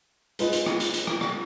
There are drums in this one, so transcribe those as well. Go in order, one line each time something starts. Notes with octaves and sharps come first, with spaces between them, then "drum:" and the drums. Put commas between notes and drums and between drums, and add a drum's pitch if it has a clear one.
G#3 F4 B4 D#5, drum: hi-hat
drum: hi-hat
drum: rim click
drum: hi-hat
drum: hi-hat
drum: rim click
drum: rim click